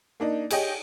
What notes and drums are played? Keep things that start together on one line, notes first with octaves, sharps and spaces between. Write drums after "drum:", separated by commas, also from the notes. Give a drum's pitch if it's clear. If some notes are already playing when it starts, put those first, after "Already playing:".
A#3 D4 D#4
G4 G#4 C#5 D#5 G5, drum: cymbal